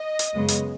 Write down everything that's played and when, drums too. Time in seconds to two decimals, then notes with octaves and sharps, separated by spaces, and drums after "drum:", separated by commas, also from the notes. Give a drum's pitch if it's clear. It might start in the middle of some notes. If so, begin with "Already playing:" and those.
Already playing: D#5
0.19 drum: hi-hat
0.33 F#2 C#3 G#3 B3
0.48 drum: hi-hat